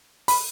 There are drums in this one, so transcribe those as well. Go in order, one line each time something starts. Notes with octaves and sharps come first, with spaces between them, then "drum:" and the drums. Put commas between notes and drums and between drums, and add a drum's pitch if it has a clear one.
B5, drum: open hi-hat